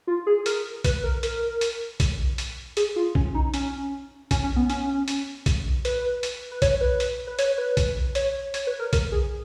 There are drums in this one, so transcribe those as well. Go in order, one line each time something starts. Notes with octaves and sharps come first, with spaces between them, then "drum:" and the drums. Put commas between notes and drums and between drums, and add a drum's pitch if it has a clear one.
F4
G#4
A#4, drum: hi-hat
B4, drum: kick A#1, hi-hat
A#4
A#4, drum: hi-hat
drum: hi-hat
drum: kick A#1, hi-hat
drum: hi-hat
G#4, drum: hi-hat
F4
C#4, drum: kick A#1
D#4
C#4, drum: hi-hat
C#4, drum: kick A#1, hi-hat
C#4
B3
C#4, drum: hi-hat
drum: hi-hat
drum: kick A#1, hi-hat
B4, drum: hi-hat
drum: hi-hat
B4
C#5, drum: kick A#1, hi-hat
B4
drum: hi-hat
B4
C#5, drum: hi-hat
B4
drum: kick A#1, hi-hat
C#5, drum: hi-hat
C#5, drum: hi-hat
B4
A#4
A#4, drum: kick A#1, hi-hat
G#4